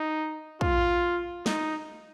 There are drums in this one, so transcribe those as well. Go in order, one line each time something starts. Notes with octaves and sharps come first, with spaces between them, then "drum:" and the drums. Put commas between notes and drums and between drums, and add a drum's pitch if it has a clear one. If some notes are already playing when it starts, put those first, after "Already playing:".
Already playing: D#4
F4, drum: kick
D#4, drum: snare